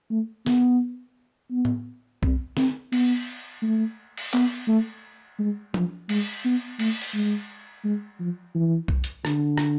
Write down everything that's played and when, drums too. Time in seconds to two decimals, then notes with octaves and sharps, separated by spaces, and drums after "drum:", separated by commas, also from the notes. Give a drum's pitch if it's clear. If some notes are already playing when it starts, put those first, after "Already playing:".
0.11 A3
0.46 B3, drum: snare
1.51 B3
1.65 drum: tom
2.23 C4, drum: kick B1
2.57 C4, drum: snare
2.92 B3, drum: cymbal
3.62 A3
4.17 drum: cymbal
4.34 B3, drum: clap
4.68 A3
5.39 G#3
5.74 F3, drum: tom
6.09 G#3, drum: cymbal
6.45 B3
6.79 A3, drum: cymbal
7.01 drum: open hi-hat
7.14 G#3
7.84 G#3
8.20 F3
8.55 E3
8.88 drum: kick B1
9.04 drum: hi-hat
9.25 D3, drum: rim click
9.58 drum: rim click